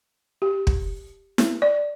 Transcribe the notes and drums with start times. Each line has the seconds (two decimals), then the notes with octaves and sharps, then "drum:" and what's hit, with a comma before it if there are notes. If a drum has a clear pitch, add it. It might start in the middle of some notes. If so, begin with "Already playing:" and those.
0.42 G4
0.67 drum: kick
1.38 drum: snare E4
1.62 D5